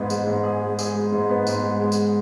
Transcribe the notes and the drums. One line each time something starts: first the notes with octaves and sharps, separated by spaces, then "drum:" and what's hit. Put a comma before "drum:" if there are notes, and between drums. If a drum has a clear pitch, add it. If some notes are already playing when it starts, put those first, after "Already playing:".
Already playing: G#2 G#3 B3 G#4
G#3, drum: tambourine
G#2
G#4
G#3
G#4, drum: tambourine
G#3
G#2
B3
G#2, drum: tambourine
G#3
G#3
drum: tambourine